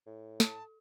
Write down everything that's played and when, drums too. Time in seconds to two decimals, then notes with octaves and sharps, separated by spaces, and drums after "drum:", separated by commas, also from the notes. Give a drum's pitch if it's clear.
0.07 A2
0.40 A4 A5, drum: snare